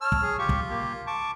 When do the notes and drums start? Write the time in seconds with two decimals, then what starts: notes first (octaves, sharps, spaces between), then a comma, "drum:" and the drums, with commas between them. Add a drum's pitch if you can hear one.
0.02 C#5 A5 E6 F6
0.12 drum: kick
0.22 G#4
0.39 F4 G4 C#6
0.49 drum: kick
0.70 A#3 G4
1.07 A5 C#6 D6